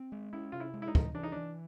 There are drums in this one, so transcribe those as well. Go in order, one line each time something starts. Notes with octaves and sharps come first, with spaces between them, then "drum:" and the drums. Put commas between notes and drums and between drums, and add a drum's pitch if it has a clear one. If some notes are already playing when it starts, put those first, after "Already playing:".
Already playing: C4
G#3
C#4 E4
C3 F4
E4
G#3
E4
D#4
E3, drum: kick
E3 D4
D#4
E3 D4